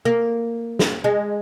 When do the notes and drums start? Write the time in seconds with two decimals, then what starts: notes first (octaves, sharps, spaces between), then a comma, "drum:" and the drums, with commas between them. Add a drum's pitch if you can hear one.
0.05 A#3
0.79 drum: snare
1.04 G#3